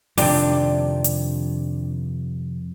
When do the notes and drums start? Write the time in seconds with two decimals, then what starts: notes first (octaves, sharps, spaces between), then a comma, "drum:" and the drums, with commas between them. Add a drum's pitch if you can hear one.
0.18 F2 C3 D#3 F3 D4 G4, drum: open hi-hat
1.04 drum: hi-hat